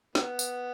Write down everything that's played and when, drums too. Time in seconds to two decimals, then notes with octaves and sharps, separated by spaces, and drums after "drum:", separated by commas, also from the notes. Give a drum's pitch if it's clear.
0.15 D#3 B3, drum: snare
0.39 drum: tambourine